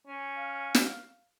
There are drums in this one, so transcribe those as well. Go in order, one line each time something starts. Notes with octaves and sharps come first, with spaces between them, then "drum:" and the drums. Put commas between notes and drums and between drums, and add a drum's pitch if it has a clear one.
C#4
F5
drum: snare